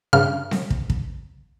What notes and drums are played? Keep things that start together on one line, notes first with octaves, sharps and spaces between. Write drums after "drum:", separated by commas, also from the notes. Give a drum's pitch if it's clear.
G2 C#3 F6
drum: snare C4
drum: kick
drum: kick